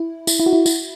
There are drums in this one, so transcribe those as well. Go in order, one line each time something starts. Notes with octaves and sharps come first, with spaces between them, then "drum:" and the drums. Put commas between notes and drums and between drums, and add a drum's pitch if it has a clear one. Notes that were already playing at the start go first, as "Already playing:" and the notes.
Already playing: E4
E4, drum: tambourine
E4
F#4
E4
E4, drum: tambourine